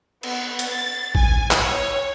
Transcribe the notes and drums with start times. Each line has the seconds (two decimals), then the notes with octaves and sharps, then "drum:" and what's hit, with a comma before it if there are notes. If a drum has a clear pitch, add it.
0.23 B3, drum: cymbal
0.59 drum: hi-hat
0.70 A6
1.15 G#5, drum: kick A1
1.51 drum: clap
1.61 C#5